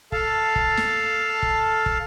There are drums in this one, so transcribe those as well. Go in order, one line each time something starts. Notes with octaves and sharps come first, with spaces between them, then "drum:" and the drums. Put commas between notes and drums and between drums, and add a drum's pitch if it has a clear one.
A4 F5 A5, drum: kick
drum: kick
drum: snare
drum: kick
drum: kick